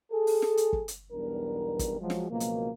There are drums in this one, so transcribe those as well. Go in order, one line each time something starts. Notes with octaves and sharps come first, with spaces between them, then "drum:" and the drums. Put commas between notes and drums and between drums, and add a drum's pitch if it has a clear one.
G#4 A4
drum: open hi-hat
drum: snare
drum: hi-hat
drum: kick
drum: hi-hat
B1 E2 G3 B3 D4 A#4
drum: kick, hi-hat
F3 F#3 G#3
drum: snare
C#2 B2 F3 F#3 A#3
drum: hi-hat